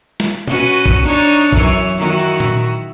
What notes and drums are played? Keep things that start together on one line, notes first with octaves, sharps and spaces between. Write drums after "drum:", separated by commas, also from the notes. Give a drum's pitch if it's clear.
drum: snare
C#4 F#4 B4, drum: tom B2
drum: kick A#1
D4 D#4 C#5
F#2 E3 C#5, drum: kick A#1
D#3 E4 F#4
drum: tom A#2